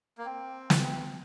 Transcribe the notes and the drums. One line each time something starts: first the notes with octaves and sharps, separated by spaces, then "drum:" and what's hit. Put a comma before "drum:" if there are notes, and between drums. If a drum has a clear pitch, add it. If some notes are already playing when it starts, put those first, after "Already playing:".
A#3
C4
drum: snare